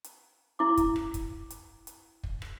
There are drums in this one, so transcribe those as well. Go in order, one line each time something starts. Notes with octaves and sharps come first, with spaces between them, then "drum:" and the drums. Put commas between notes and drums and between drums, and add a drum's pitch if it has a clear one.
drum: hi-hat
E4 D6
drum: kick, hi-hat
drum: rim click
drum: kick, hi-hat
drum: hi-hat
drum: hi-hat
drum: kick
drum: rim click